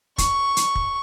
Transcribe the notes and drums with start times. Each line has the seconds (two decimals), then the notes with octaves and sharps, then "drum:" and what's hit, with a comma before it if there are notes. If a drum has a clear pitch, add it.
0.18 C#6, drum: kick, hi-hat
0.57 drum: hi-hat
0.75 drum: kick